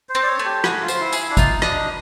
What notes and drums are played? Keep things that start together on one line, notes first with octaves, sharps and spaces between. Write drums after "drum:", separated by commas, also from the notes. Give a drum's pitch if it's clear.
C5
C4
D5
C#5
A3
G4
F#4 G#4, drum: rim click
F4
C5, drum: tambourine
E4
G#4, drum: tambourine
E4
D4
D#4 F4, drum: kick, tambourine
D4 D#5, drum: rim click